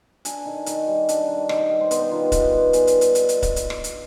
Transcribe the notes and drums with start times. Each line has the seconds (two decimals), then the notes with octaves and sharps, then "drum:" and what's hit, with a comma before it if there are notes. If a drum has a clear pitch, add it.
0.25 D4 G#5, drum: hi-hat
0.46 D#3
0.66 D#3, drum: hi-hat
0.87 G3
1.09 D4, drum: hi-hat
1.28 D#3
1.49 D#3 G5, drum: rim click
1.59 D#5
1.70 G3 D5
1.80 C5
1.91 B3 C5, drum: hi-hat
2.01 B4
2.11 D#3 F4
2.22 G4
2.32 D#3 B4, drum: kick C#1, hi-hat
2.53 G3
2.73 B3 G#4, drum: hi-hat
2.87 drum: hi-hat
3.01 drum: hi-hat
3.15 drum: hi-hat
3.29 drum: hi-hat
3.42 drum: kick C#1, hi-hat
3.56 drum: hi-hat
3.70 drum: rim click
3.84 drum: hi-hat